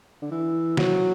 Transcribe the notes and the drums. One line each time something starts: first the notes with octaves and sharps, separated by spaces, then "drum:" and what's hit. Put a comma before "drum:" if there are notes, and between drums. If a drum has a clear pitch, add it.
D3
E3
F#3, drum: snare